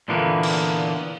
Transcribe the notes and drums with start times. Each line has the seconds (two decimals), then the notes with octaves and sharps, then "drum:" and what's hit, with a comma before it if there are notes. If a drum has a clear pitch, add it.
0.08 A#2 D3 E3 A#3 B3
0.43 drum: cymbal